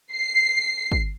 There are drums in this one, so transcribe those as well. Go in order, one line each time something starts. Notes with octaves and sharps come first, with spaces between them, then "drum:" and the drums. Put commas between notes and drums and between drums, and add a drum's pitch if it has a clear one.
C7
drum: kick